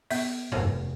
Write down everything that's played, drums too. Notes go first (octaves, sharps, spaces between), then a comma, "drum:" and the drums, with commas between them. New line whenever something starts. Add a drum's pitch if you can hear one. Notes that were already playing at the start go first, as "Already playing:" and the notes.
B3 E5, drum: open hi-hat
F1, drum: tom G2